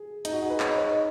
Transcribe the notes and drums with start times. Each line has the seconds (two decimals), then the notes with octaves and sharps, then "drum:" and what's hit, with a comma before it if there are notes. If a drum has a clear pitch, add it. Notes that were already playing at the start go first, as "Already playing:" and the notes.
Already playing: G#4
0.25 D#4, drum: hi-hat
0.32 F#4
0.42 G#4
0.50 B4
0.60 C#5, drum: clap
0.69 D#5
0.78 C#5
0.87 D#4